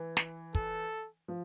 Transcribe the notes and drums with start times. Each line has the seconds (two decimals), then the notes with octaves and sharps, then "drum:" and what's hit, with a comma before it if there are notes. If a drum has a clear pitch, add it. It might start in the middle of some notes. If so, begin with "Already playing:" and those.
Already playing: E3
0.17 drum: snare
0.55 A4, drum: kick
1.28 F3